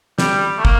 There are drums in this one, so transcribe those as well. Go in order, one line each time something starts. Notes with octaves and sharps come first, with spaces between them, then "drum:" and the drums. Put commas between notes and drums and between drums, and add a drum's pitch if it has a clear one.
G3, drum: snare
A3
A#3, drum: kick